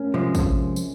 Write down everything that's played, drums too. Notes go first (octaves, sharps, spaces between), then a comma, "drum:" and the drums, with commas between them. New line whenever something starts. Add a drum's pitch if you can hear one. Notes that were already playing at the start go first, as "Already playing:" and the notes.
Already playing: A#3 C#4
C3 F3 G#3
drum: kick, tambourine
drum: tambourine